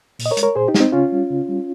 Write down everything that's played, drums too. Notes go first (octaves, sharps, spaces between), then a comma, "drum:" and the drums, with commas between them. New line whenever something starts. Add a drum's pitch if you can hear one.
A#2, drum: open hi-hat
D#5
A#4 C#5
G#3, drum: hi-hat
A#4 C#5
A#2 G#4 C5
D#4 G4
G#3, drum: snare
C4 D#4
C#3 C#4 F4
G3
C#3
G3